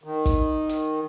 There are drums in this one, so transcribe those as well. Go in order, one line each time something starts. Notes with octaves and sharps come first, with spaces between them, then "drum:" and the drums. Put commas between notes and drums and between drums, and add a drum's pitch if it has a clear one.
D#3
drum: kick, hi-hat
drum: hi-hat